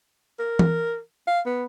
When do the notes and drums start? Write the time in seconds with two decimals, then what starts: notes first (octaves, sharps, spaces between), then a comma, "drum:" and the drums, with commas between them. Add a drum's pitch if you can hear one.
0.39 A#4
0.59 drum: tom E3
1.27 F5
1.46 B3